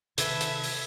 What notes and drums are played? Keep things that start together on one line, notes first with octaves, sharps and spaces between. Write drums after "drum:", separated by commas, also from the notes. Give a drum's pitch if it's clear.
C3 D#3 A4 B4 E5 G#5 G#6, drum: hi-hat
drum: hi-hat
drum: open hi-hat